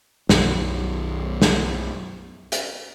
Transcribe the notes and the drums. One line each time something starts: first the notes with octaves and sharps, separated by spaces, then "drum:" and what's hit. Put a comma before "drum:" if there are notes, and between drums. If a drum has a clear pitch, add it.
B1 F#2 B2 F#3, drum: snare
drum: snare
drum: hi-hat